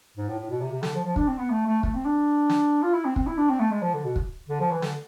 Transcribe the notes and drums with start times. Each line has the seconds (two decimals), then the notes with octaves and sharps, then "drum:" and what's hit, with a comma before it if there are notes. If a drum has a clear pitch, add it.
0.17 G#2
0.28 A2
0.39 A2
0.50 B2
0.61 C3
0.72 C3
0.83 D3, drum: snare
0.95 F3
1.05 F3
1.16 D4, drum: kick
1.28 C4
1.38 B3
1.50 A3
1.67 A3
1.83 A3, drum: kick
1.95 C4
2.05 D4
2.50 drum: snare
2.83 F4
2.94 E4
3.05 C4
3.16 C4, drum: kick
3.27 E4
3.38 D4
3.49 C4
3.60 A3
3.71 G#3
3.82 F3
3.94 D3
4.05 B2
4.16 drum: kick
4.49 D3
4.60 F3
4.71 E3
4.82 D3, drum: snare